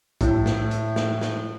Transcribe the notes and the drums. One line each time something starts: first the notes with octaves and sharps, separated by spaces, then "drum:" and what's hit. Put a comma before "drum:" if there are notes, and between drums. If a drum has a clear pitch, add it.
A2 E4, drum: kick, hi-hat
drum: snare
drum: hi-hat
drum: snare
drum: snare